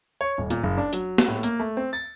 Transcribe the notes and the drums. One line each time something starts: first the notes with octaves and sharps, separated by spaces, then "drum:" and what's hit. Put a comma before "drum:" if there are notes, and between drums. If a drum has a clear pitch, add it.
C#5
D#1
A#2, drum: hi-hat
F#1
D4
F#3, drum: hi-hat
drum: snare
A2
A#3, drum: hi-hat
A3
C4
A6